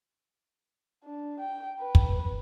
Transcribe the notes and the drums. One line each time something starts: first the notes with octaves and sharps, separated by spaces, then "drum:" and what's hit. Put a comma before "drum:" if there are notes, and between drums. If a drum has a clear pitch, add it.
D4
G5
B4
drum: kick